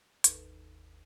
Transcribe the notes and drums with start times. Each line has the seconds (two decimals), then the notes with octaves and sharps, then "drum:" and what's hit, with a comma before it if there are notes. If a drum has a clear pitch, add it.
0.24 G1 D#2 D#4 A4 B4, drum: hi-hat